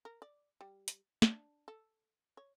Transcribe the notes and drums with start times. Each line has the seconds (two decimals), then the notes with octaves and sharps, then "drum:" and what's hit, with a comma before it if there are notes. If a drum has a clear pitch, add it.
0.05 A#4
0.22 D5
0.61 G3
0.88 drum: hi-hat
1.22 D4, drum: snare
1.68 A4
2.37 C#5